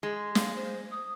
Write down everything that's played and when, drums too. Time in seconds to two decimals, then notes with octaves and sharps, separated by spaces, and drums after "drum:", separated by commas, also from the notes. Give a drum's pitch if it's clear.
0.03 G#3 G#4
0.35 F5, drum: snare
0.55 C5
0.91 D#6